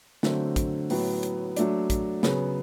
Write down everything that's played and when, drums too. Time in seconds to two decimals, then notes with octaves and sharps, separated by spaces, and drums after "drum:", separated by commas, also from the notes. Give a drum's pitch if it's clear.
0.23 D3 F#3 A3 C4, drum: snare
0.56 drum: kick, hi-hat
0.90 A2 F#3 B3, drum: open hi-hat
1.23 drum: hi-hat
1.57 F#3 A3 D4, drum: hi-hat
1.90 drum: kick, hi-hat
2.23 C#3 F#3 B3, drum: snare